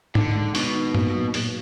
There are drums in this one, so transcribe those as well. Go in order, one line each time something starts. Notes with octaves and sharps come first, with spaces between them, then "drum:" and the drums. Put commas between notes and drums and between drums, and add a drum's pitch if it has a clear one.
D3 D#4, drum: tom G#2
G#3
B2 D#4, drum: open hi-hat
D#3
A#2, drum: tom G2
F#3
A#2, drum: open hi-hat